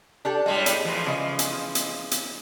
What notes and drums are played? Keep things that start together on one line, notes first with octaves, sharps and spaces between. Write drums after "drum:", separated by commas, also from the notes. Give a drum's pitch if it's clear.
D4 G4 A4
A2 G3 G#3 D#5
drum: hi-hat
E3 F3 G#3
C#3 D#5
drum: hi-hat
drum: hi-hat
drum: hi-hat